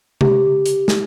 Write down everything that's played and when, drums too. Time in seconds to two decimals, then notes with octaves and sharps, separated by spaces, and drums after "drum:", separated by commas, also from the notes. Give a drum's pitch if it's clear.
0.21 G4, drum: tom C3
0.66 drum: hi-hat
0.88 drum: snare